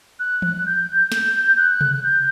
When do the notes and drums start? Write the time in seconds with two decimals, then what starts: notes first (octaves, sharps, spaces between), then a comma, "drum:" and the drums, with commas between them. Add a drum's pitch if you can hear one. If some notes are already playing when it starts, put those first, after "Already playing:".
0.19 F#6
0.42 drum: tom E3
0.66 G6
1.12 G6, drum: snare
1.57 F#6
1.81 drum: tom C3
2.03 G6